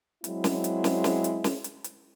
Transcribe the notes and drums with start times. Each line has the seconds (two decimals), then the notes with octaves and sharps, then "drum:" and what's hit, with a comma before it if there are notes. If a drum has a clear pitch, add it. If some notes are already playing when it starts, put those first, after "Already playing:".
0.24 F#3 G#3 C4 E4, drum: hi-hat
0.44 drum: snare
0.64 drum: hi-hat
0.84 drum: snare
1.04 drum: snare
1.24 drum: hi-hat
1.44 drum: snare
1.64 drum: hi-hat
1.84 drum: hi-hat